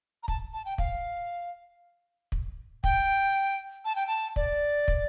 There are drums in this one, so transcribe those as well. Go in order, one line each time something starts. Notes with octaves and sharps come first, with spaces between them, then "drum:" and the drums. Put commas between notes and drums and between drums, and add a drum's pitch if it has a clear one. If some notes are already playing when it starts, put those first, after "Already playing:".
A#5
A5, drum: kick
A5
G5
F5, drum: kick
drum: kick
G5, drum: kick
A5
G5
A5
D5, drum: kick
drum: kick